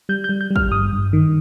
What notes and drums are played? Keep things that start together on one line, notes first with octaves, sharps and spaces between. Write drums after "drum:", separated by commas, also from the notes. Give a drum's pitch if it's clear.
G3 G6
G6
G3
G6
G3
F6, drum: kick
G2 D#6
G2
D#3